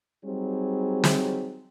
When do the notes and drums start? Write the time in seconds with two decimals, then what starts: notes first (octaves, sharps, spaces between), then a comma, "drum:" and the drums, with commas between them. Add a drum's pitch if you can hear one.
0.24 F#3 G3 C4 D#4 G#4
1.04 drum: snare